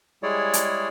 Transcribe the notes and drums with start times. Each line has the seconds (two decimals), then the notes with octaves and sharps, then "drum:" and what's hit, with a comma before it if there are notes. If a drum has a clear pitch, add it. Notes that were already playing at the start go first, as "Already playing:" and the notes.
0.23 G3 G#3 E4 G#4 C#5 D5
0.53 drum: hi-hat